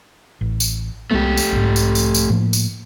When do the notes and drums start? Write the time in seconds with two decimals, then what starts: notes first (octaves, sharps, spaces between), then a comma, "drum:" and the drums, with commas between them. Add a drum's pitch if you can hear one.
0.41 A1
0.60 drum: tambourine
1.11 C2 G#3 A3 B3 G4
1.37 drum: tambourine
1.52 B1 G#2
1.76 drum: tambourine
1.95 drum: tambourine
2.14 drum: tambourine
2.30 A2 F3 A#3
2.53 drum: tambourine